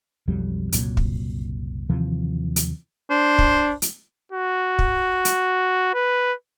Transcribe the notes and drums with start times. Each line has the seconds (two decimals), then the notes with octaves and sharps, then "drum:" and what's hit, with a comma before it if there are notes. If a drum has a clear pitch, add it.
0.28 B1 F2 F#3 G3
0.72 F#1 C2 A#2 F#3, drum: hi-hat
0.97 drum: kick
1.90 D#2 C3 E3 F3
2.56 drum: hi-hat
3.11 D4 C5
3.38 drum: kick
3.82 drum: hi-hat
4.32 F#4
4.79 drum: kick
5.25 drum: hi-hat
5.94 B4